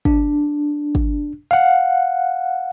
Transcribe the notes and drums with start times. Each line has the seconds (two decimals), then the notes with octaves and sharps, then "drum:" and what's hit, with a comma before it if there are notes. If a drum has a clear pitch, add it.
0.05 D4, drum: kick
0.95 drum: kick
1.51 F5 F#5